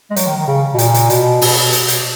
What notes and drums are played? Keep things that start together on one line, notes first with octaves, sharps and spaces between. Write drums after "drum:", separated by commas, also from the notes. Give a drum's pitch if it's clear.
G#3
F#3, drum: hi-hat
D#3
D#3
C#3
B2
A#2, drum: hi-hat
drum: hi-hat
B2, drum: hi-hat
B2, drum: open hi-hat
drum: hi-hat
drum: hi-hat